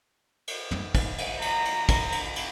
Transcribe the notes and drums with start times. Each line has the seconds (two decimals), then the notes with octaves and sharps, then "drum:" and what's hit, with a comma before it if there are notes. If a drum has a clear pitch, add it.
0.48 drum: cymbal
0.71 drum: tom
0.95 drum: kick, cymbal
1.18 drum: cymbal
1.42 A#5, drum: cymbal
1.65 drum: cymbal
1.89 drum: kick, cymbal
2.12 drum: cymbal
2.36 drum: cymbal